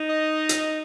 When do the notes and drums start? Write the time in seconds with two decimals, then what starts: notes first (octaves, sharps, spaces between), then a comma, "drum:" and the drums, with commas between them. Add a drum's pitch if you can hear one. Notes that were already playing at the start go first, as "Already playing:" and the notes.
Already playing: D#4
0.09 D#5
0.49 drum: hi-hat